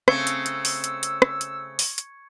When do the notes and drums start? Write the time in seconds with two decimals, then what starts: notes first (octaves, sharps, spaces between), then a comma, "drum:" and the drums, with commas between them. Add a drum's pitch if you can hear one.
0.08 C#3 A3 C4 C#6 E6 G#6 C#7, drum: rim click
0.27 drum: hi-hat
0.46 drum: hi-hat
0.65 drum: open hi-hat
0.84 drum: hi-hat
1.03 drum: hi-hat
1.22 drum: rim click
1.41 drum: hi-hat
1.79 drum: open hi-hat
1.98 drum: hi-hat